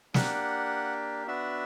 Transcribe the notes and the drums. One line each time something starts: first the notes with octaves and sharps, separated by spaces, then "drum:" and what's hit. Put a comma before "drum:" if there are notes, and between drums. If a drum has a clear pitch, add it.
A#3 D4 G4 F#5, drum: snare
B3 D4 F#4 E5